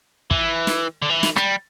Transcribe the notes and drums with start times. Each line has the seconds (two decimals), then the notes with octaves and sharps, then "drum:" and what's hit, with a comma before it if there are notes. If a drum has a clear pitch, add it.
0.31 E3, drum: kick
0.67 drum: snare
1.02 D3
1.10 E3
1.23 drum: snare
1.36 G3, drum: rim click